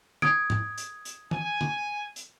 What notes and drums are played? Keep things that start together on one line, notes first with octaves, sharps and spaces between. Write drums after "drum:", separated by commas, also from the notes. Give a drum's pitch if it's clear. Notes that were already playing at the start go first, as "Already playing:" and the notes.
D#6 G#6 D7, drum: tom
drum: tom G#2
drum: hi-hat
drum: hi-hat
G#5, drum: tom
drum: tom
drum: hi-hat